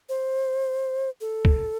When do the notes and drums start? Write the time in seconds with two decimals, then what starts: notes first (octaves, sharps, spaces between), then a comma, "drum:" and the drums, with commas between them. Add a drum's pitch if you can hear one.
0.09 C5
1.21 A4
1.45 drum: kick